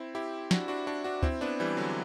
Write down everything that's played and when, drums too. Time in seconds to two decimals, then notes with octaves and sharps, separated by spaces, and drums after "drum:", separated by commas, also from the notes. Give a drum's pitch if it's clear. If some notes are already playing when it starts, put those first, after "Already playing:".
Already playing: C4 E4
0.15 E4 G4
0.51 D4 F#4, drum: snare
0.68 D4 F#4
0.87 D4 F#4
1.04 D4 F#4
1.23 C4 E4, drum: kick
1.41 B3 D4
1.60 E3 G3
1.77 D3 F#3